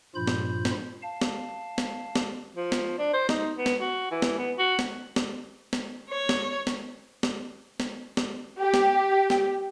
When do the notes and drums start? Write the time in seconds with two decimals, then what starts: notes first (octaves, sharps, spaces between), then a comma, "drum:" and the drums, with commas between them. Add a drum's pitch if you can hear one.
0.15 G2 A#2 F3 F4 B5 G6
0.27 drum: snare
0.65 drum: snare
1.03 F5 A5
1.21 drum: snare
1.78 drum: snare
2.16 drum: snare
2.56 F3
2.72 drum: snare
2.99 D4
3.14 C5
3.29 D#4, drum: snare
3.57 B3
3.66 drum: snare
3.80 F#4
4.11 E3
4.22 drum: snare
4.38 B3
4.59 F#4
4.79 drum: snare
5.16 drum: snare
5.73 drum: snare
6.10 C#5
6.29 drum: snare
6.67 drum: snare
7.23 drum: snare
7.80 drum: snare
8.17 drum: snare
8.59 G4
8.74 drum: snare
9.30 drum: snare